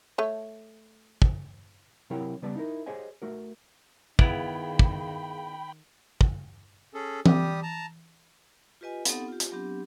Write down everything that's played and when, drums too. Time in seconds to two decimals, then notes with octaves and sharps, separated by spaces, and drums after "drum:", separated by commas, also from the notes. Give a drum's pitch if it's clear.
0.18 A3 C#5
1.22 drum: kick
2.10 C3 F#3 E4 A#4 C#5 G5
2.42 C#3 G3 B3 B4 D5 A5
2.56 D#4 E4 A#4
2.86 G4 G#4 C5 C#5 D#5 G#5
3.22 A3 F#4 A#4
4.19 D#3 B3 E4 G#4 F5 G5 B5, drum: kick
4.79 drum: kick
6.21 drum: kick
6.94 C#4 G#4 A4
7.26 G3 G4 D#6, drum: tom E3
7.63 A5 A#5
8.81 F4 G4 B4 D#5 G#5
9.05 B3 C4 D#4 G4 A4 F#5, drum: hi-hat
9.28 F4 G4
9.40 drum: hi-hat
9.52 F#3 B3 C4 D4 G4